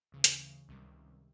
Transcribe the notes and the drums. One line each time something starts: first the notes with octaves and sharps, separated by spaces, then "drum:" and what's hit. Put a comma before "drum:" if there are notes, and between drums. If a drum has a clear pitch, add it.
D2 C#3 E3
drum: hi-hat
C#2 C3 D#3 G3